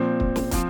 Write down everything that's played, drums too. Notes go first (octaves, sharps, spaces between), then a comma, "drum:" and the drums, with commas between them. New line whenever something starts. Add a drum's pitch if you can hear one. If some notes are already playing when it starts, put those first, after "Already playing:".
Already playing: A#2 F3 C4
drum: kick
drum: snare
F3 C4, drum: kick, hi-hat